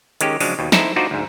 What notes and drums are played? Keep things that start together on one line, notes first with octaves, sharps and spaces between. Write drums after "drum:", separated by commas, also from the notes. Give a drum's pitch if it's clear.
D#3 G#3 C#4 G4, drum: hi-hat
C#3 F3 F#3 G#3 D4, drum: open hi-hat
D#2 B2
D#4 E4 A4 C5, drum: snare
D4 D#4 F4 F#4 C5 D5
D2 G#2